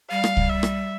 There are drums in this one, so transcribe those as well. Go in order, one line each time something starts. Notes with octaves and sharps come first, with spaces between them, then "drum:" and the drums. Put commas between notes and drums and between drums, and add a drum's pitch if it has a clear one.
G3 F5
drum: rim click
drum: kick C2
E5
drum: rim click